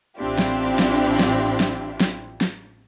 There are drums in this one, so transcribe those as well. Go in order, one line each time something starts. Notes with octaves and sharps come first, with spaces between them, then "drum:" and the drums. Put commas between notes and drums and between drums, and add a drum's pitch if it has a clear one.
A1 C4 D4 E4 F4 G4
drum: snare
drum: snare
drum: snare
drum: snare
drum: snare
drum: snare